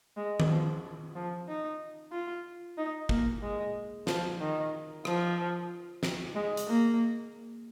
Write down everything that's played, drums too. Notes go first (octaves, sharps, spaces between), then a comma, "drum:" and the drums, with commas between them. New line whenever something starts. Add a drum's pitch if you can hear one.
G#3
drum: tom D#3
F3
F3
D#4
F4
D#4
A#3, drum: kick
G#3
F3, drum: snare
D#3
F3, drum: rim click
drum: snare
G#3
drum: hi-hat
A#3